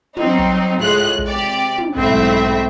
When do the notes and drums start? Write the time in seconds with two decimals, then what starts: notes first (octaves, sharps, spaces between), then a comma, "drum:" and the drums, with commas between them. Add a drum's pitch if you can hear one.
0.17 F#3 G3 C4 D#4, drum: tom
0.39 drum: kick
0.78 C#2 A2 G#3 F4 F#6
1.18 drum: kick
1.28 C3 G4 D5
1.78 drum: tom
1.96 B1 G#2 A3 C4 E4 E5, drum: kick